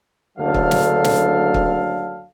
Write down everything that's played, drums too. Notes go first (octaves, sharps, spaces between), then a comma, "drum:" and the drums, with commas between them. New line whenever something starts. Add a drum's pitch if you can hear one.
F#1 D2 D3 F#3 A4 F5
drum: kick
drum: snare
drum: snare
drum: kick